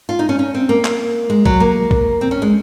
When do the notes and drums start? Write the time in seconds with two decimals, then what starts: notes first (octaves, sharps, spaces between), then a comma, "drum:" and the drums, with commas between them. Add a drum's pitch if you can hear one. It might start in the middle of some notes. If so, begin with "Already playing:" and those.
0.09 F4
0.19 D#4
0.29 C#4
0.39 C#4
0.54 C4
0.69 A#3
0.85 drum: clap
1.30 G#3
1.46 F#3, drum: kick
1.60 A#3
1.91 drum: kick
2.21 C4
2.31 C#4
2.42 G#3